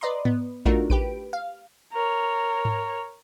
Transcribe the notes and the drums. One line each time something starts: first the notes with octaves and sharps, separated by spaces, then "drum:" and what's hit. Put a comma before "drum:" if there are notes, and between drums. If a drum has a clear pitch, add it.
B4 D5 D#5 A#5 C6
B3, drum: tom G#2
A3 D4 D#4 F4 F#4 A#4, drum: kick A1
G4 B4 D7, drum: kick A1
F5
A#4 C#5
drum: tom G#2